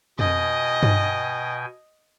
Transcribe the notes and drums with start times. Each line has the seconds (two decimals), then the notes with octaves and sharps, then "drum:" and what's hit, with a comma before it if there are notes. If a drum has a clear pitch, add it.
0.19 B2 D#5 G5 G#5, drum: tom F2
0.83 drum: tom G2